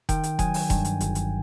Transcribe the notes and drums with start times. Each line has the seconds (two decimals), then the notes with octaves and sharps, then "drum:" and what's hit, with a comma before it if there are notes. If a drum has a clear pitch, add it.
0.09 D#3 G5, drum: kick F1, hi-hat
0.23 drum: hi-hat
0.39 F#3 G#5, drum: kick F1, hi-hat
0.54 drum: open hi-hat
0.70 G2, drum: kick F1, hi-hat
0.85 drum: hi-hat
1.00 G1, drum: hi-hat
1.15 drum: hi-hat